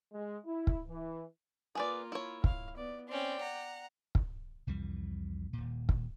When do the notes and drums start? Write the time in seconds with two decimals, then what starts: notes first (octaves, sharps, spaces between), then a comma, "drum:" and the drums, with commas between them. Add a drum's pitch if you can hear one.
0.12 G#3
0.45 E4
0.67 drum: kick
0.88 E3
1.75 A#3 F4 G#4 B4 D5
2.12 E4 C#5
2.44 F5, drum: kick
2.76 B3 D5
3.09 C4 C#4 D5 G5
3.41 F#5 A#5
4.15 drum: kick
4.67 C2 F2 E3 G3
5.53 D#1 A#2
5.89 drum: kick